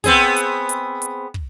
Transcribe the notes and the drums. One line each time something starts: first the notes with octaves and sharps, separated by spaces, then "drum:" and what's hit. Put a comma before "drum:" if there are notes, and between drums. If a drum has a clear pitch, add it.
B3 C4 G#4, drum: kick, hi-hat
drum: hi-hat
drum: hi-hat
drum: hi-hat
drum: kick